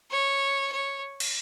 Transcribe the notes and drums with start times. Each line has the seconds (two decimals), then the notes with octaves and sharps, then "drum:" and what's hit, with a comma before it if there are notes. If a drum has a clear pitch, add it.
0.11 C#5
0.72 C#5
1.20 drum: cymbal